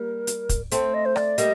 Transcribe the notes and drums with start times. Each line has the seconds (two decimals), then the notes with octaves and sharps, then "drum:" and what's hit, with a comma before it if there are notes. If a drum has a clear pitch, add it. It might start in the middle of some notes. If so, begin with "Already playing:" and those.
Already playing: G3 A#3 A#4
0.27 drum: hi-hat
0.49 drum: kick, hi-hat
0.71 A3 C4 C5, drum: hi-hat
0.94 D#5
1.05 C5
1.16 D5, drum: rim click
1.38 G3 A#3 D#5, drum: hi-hat